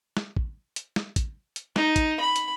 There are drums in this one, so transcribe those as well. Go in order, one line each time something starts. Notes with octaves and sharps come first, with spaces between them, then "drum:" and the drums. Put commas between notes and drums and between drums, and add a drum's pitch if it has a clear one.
drum: snare
drum: kick
drum: hi-hat
drum: snare
drum: kick, hi-hat
drum: hi-hat
D#4, drum: snare
drum: kick, hi-hat
B5
drum: hi-hat